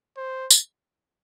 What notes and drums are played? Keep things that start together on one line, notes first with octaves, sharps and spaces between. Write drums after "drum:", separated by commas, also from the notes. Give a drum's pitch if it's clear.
C5
drum: tambourine